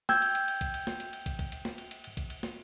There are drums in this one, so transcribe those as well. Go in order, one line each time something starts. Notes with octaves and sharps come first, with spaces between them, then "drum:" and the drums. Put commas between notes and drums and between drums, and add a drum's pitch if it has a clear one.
G5 E6 G6 G#6, drum: snare
drum: cymbal
drum: cymbal
drum: cymbal
drum: kick, cymbal
drum: cymbal
drum: snare
drum: cymbal
drum: cymbal
drum: kick, cymbal
drum: kick, cymbal
drum: cymbal
drum: snare
drum: cymbal
drum: cymbal
drum: cymbal
drum: kick, cymbal
drum: cymbal
drum: snare